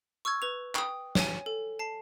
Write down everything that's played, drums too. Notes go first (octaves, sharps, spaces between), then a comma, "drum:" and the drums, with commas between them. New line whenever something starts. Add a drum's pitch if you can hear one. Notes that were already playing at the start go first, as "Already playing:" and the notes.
C#6 E6 F6 G#6
B4 F7
G5 D#6, drum: clap
C#5 G#5, drum: snare
A4
A5 C7